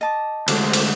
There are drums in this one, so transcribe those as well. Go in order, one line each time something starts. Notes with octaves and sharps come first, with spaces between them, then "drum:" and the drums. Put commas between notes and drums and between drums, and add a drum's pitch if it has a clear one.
D#5 A5 D6
D2 G#3, drum: cymbal
drum: cymbal